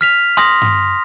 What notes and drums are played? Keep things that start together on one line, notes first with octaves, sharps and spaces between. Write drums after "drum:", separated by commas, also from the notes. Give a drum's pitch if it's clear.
F6 B6 F7
C6 D#6 A#6, drum: rim click
drum: tom G2